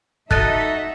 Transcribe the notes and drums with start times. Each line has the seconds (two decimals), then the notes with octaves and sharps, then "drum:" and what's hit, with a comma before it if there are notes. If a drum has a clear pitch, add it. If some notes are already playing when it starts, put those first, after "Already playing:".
0.31 D#4 F#4 A4 D#5 E5 F#6 A6 D#7, drum: kick